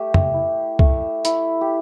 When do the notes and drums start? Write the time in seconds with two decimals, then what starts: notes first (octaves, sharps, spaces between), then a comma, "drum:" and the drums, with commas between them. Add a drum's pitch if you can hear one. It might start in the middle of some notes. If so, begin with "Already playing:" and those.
Already playing: A3 G4
0.14 drum: tom
0.34 E4
0.79 A3, drum: kick
1.25 E4, drum: hi-hat
1.61 G4